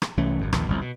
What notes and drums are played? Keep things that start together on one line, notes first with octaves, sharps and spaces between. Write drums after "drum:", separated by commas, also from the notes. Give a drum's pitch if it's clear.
drum: rim click
C2 E3 A3 C#4
G#1 F#2
A#1 D#2 B2, drum: rim click
G1 C2 F2
B2